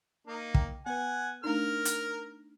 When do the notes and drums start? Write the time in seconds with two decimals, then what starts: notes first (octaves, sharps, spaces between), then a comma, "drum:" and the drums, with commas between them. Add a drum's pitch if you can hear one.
0.27 A#3 D#4
0.54 G5 A#5, drum: kick
0.86 B3 B4 F#5 G#5
1.44 A3 D4 D#4 A#4 F6
1.85 drum: hi-hat